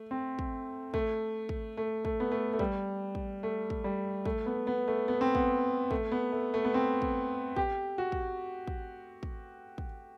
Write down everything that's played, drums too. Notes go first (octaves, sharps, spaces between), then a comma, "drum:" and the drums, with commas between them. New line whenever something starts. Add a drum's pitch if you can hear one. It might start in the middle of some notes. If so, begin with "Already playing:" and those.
Already playing: A3
C4
drum: kick
A3, drum: kick
drum: kick
A3
A3, drum: kick
B3
A3
A3
G3, drum: kick
drum: kick
A3
drum: kick
G3
A3, drum: kick
B3
B3
A3
B3
C4
B3, drum: kick
A3, drum: kick
B3
A3
A3
B3
C4
drum: kick
G4, drum: kick
F#4
drum: kick
drum: kick
drum: kick
drum: kick